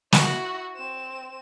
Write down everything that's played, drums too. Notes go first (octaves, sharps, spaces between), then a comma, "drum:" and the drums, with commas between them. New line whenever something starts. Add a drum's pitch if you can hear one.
E4 F#4, drum: snare
C4 E7